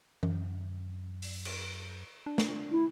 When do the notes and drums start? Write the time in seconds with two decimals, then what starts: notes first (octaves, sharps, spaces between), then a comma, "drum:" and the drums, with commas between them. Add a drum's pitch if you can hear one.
0.23 F#2, drum: tom E3
1.22 drum: open hi-hat
1.45 drum: cymbal
2.26 D4
2.38 drum: snare
2.72 E4